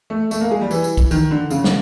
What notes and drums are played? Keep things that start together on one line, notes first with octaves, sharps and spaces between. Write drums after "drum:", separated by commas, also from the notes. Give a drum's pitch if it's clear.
A3
A3, drum: tambourine
A#3
G#3
G3
E3, drum: tambourine
drum: tambourine
drum: kick, tambourine
D#3, drum: tambourine
D3
C#3, drum: tambourine
drum: snare